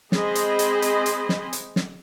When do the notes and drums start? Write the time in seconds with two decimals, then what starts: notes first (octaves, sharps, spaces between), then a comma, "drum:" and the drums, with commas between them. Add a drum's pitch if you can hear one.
0.12 G#3 C4 G#4 C5 D#5 B5, drum: snare
0.35 drum: hi-hat
0.59 drum: hi-hat
0.82 drum: hi-hat
1.06 drum: hi-hat
1.29 drum: snare
1.53 drum: hi-hat
1.76 drum: snare